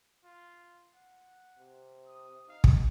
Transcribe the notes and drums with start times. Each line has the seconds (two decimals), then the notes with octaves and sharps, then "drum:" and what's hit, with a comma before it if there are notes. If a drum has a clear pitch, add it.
0.24 F4
0.94 F#5
1.59 C3
2.07 D#6
2.48 D#4 F5
2.64 drum: kick